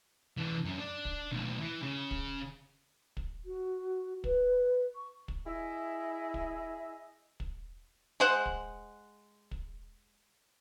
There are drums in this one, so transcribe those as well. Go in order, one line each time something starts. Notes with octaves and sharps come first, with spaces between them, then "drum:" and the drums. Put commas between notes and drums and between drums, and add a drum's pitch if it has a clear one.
E3 D4
F#2
D4
drum: kick
B1 A2
E3
C#3
drum: kick
drum: kick
F#4
B4, drum: kick
C#6
drum: kick
E4 G#4 D#5 E5
drum: kick
drum: kick
G#3 C5 F#5
drum: kick
drum: kick